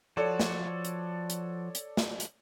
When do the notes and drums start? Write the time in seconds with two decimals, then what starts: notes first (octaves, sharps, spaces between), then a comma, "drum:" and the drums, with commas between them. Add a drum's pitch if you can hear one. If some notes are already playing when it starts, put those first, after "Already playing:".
0.17 F3 F#4 A4 C#5 D5
0.39 drum: snare
0.85 drum: hi-hat
1.30 drum: hi-hat
1.75 drum: hi-hat
1.97 drum: snare
2.20 drum: hi-hat